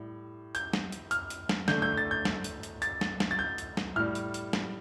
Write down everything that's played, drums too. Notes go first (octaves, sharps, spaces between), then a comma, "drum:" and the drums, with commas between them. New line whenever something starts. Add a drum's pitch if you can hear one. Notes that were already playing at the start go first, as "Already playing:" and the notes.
Already playing: A2 G3
G6, drum: hi-hat
drum: snare
drum: hi-hat
F6, drum: hi-hat
drum: hi-hat
drum: snare
D3 A3 G6, drum: snare
G6
A6
G6
drum: snare
drum: hi-hat
drum: hi-hat
A6, drum: hi-hat
drum: snare
drum: snare
A6
G6
drum: hi-hat
drum: snare
A2 G3 F6
drum: hi-hat
drum: hi-hat
drum: snare